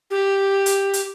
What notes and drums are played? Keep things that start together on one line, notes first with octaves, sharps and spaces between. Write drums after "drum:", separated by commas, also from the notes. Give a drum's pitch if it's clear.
G4
drum: hi-hat
drum: hi-hat